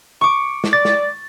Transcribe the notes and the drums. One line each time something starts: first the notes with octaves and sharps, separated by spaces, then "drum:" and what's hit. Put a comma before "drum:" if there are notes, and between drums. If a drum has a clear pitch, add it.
C#6 D6
drum: snare
D5 A6
drum: snare